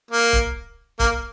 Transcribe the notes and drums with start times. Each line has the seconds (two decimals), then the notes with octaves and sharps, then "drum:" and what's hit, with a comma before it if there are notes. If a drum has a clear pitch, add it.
0.11 A#3
0.33 drum: kick
0.99 A#3, drum: kick